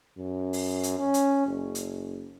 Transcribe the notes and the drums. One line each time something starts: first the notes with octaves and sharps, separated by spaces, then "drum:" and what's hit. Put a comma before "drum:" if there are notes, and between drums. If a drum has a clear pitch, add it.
F#2
drum: open hi-hat
drum: hi-hat
C#4
drum: hi-hat
F#1
drum: hi-hat